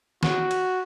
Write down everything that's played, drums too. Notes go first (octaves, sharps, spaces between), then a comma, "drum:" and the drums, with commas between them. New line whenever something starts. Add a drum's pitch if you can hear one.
F#4, drum: snare
drum: cymbal